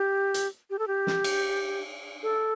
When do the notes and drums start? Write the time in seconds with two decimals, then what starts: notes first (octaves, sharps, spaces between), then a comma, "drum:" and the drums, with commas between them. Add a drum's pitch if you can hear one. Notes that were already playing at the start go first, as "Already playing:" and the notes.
Already playing: G4
0.34 drum: hi-hat
0.70 G4
0.79 A4
0.87 G4
1.07 drum: snare
1.24 drum: cymbal
2.23 A4